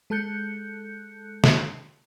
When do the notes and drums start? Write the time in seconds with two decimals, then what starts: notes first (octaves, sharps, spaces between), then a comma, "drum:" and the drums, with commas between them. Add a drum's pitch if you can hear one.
0.10 G#3 A4 A5 F#6 G6 C#7
1.44 drum: snare